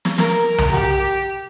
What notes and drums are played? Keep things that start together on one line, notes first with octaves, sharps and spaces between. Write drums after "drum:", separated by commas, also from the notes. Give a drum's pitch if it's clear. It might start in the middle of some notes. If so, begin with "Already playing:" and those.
drum: snare
A#4, drum: snare
drum: tom
G4